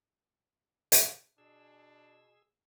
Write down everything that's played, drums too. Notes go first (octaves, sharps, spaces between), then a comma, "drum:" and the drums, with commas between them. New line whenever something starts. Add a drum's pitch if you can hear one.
drum: hi-hat
B2 D4 G#4 E6